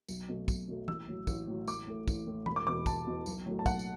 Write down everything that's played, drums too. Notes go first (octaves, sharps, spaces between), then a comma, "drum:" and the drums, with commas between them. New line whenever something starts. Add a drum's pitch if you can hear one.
B1, drum: tambourine
B2 F#3 A3
B1, drum: kick, tambourine
B2 F#3 A3
A1 E6, drum: tom
A2 F#3
A1, drum: kick, tambourine
A2 F#3
A1 D6, drum: tambourine
A2 A3
A1, drum: kick, tambourine
A2 A3
E1 B5, drum: tom
D6
E2 B2 D6
E1 A5, drum: kick, tambourine
E2 B2
B1, drum: tambourine
A2 F#3 A3
A5
B1 F#5, drum: kick, tambourine
drum: tambourine